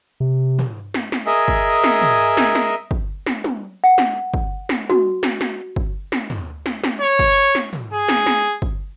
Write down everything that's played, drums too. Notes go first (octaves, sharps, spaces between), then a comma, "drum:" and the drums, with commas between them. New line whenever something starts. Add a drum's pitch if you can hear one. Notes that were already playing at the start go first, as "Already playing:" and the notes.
C3
drum: tom
drum: snare
drum: snare
G#4 A#4 D#5 E5 G#5
drum: kick
drum: snare
drum: tom
drum: snare
drum: snare
drum: kick
drum: snare
drum: tom
F#5
drum: snare
drum: kick
drum: snare
F#4, drum: tom
drum: snare
drum: snare
drum: kick
drum: snare
drum: tom
drum: snare
drum: snare
C#5
drum: kick
drum: snare
drum: tom
G#4
drum: snare
drum: snare
drum: kick